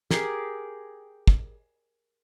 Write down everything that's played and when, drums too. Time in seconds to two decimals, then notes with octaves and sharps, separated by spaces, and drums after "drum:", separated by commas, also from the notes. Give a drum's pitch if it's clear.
0.11 G4 G#4 A#4, drum: snare
1.27 drum: kick